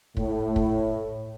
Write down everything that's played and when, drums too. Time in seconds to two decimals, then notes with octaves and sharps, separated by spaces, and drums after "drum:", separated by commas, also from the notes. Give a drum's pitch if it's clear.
0.17 A2, drum: kick
0.56 drum: kick